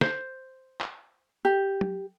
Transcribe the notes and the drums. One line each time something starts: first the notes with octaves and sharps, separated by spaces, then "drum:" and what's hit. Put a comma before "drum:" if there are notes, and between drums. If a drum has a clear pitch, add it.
C5, drum: snare
drum: clap
G4
drum: tom